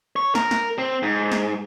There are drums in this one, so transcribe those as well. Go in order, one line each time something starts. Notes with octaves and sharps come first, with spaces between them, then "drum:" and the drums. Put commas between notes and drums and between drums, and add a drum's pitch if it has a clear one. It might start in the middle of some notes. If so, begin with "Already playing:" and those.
C#5
A#4, drum: snare
drum: snare
C4
G#2
drum: snare